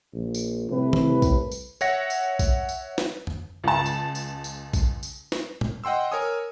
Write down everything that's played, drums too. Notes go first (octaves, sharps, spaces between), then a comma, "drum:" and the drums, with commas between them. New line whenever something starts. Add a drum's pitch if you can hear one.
A#1
drum: tambourine
C2 A2 C3 B4
drum: tom
drum: kick A#1, tambourine
drum: tambourine
C#5 E5 F#5 A#6 C#7, drum: tambourine
drum: tambourine
drum: kick A#1, tambourine
drum: tambourine
drum: snare
drum: tom F2
C#2 A5
drum: tambourine
drum: tambourine
drum: tambourine
drum: kick A#1, tambourine
drum: tambourine
drum: snare
drum: tom
D#5 F#5 G5 C6 E6
A#4 C#5 G#5 D#6